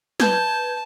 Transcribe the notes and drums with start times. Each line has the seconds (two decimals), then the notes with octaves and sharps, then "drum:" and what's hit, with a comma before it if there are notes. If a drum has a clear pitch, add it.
0.20 B4 A5 G6 G#6, drum: snare